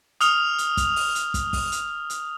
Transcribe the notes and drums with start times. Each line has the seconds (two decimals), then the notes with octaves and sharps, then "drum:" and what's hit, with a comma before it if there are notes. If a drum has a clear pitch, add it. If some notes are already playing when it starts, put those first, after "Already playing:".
0.21 D#6 F6 F7, drum: hi-hat
0.58 drum: hi-hat
0.77 drum: kick, hi-hat
0.96 drum: open hi-hat
1.15 drum: hi-hat
1.34 drum: kick, hi-hat
1.53 drum: kick, open hi-hat
1.72 drum: hi-hat
2.10 drum: hi-hat